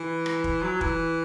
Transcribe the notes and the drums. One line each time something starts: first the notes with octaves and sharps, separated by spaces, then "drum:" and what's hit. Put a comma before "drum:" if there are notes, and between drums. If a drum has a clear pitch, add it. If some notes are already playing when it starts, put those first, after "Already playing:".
Already playing: E3
drum: rim click
drum: kick
F#3
E3, drum: kick